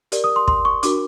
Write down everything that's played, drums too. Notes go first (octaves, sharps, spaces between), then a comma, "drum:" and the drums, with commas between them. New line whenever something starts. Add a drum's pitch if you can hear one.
G4 A#4 D5, drum: hi-hat
D#6
C6
C6, drum: kick
C#6
D4 F#4 A#4 D6, drum: hi-hat